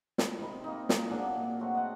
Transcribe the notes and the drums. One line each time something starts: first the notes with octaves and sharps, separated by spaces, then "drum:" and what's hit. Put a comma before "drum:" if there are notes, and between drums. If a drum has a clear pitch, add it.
B5, drum: snare
C3 D#4 B5
A#3 D#4
drum: snare
A#2 F#3 D4 G#4
F#3 A3 C4 F#4
D#5 F#5 A5